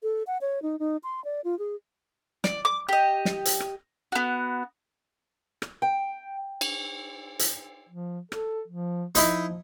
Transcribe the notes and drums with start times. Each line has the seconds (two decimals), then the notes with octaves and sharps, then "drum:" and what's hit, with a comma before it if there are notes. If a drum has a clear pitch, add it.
0.03 A4
0.27 F#5
0.41 C#5
0.62 D#4
0.79 D#4
1.04 C6
1.24 D5
1.44 F4
1.59 G#4
2.44 D5, drum: snare
2.65 D6
2.89 G4 D#5
3.25 drum: snare
3.45 drum: hi-hat
3.60 drum: rim click
4.12 B3 F#4
5.62 drum: rim click
5.82 G5
6.61 drum: cymbal
7.39 drum: hi-hat
7.89 F3
8.32 A4, drum: rim click
8.68 F3
9.15 F3 D#4 E4, drum: hi-hat